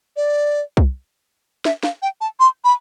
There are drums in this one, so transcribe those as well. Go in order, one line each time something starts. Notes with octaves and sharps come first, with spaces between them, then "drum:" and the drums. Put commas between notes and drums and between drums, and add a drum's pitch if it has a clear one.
D5
drum: kick C2
E5, drum: snare
F5, drum: snare
G5
A5
C6
B5